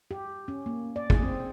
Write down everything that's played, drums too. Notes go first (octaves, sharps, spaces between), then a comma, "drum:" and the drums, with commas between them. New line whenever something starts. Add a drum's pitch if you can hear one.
G4
C#4
A#3
D5
G#4, drum: kick
C4